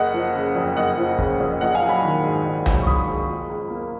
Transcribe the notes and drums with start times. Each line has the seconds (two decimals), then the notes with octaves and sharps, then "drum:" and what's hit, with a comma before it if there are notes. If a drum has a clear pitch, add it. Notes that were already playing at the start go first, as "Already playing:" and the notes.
Already playing: F#1 D#5 F#5
0.14 F3
0.35 C#3
0.55 F2
0.77 F#1 D#5 F#5
0.98 F3
1.19 C#3, drum: kick
1.40 F2
1.61 A#1 D#5 F#5
1.75 F5 G#5
1.82 F#3
1.89 G#5 B5
2.03 D#3
2.24 G#2
2.45 A#1
2.66 F#3, drum: tom C2
2.81 C#6
2.87 D#3 B5 D#6, drum: kick
3.07 G#2
3.29 C#2
3.49 C#2
3.70 A#3